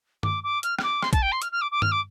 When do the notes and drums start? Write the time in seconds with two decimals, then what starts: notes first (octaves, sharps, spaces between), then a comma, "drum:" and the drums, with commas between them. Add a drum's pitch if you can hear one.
0.23 D6, drum: tom G2
0.43 D6
0.63 F6, drum: hi-hat
0.79 F6, drum: rim click
0.83 D6
1.03 C6, drum: rim click
1.13 A5, drum: kick A#1, hi-hat
1.22 G5
1.32 C6
1.42 F6, drum: hi-hat
1.52 F6
1.61 D6
1.71 D6
1.82 F6, drum: tom G2
1.92 D6